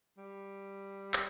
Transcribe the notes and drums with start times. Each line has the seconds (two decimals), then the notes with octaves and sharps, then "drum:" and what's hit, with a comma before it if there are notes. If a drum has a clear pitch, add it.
0.18 G3
1.14 drum: clap